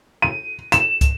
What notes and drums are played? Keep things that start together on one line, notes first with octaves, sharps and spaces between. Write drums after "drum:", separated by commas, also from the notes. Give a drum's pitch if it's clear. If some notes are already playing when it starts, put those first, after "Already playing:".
D#7
E7, drum: hi-hat
drum: kick, hi-hat